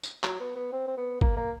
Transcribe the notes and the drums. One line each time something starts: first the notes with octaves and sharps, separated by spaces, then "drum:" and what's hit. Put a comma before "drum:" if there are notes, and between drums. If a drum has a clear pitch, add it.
drum: tambourine
F#3, drum: clap
B3
B3
C4
C4
B3
A#3, drum: kick
A#3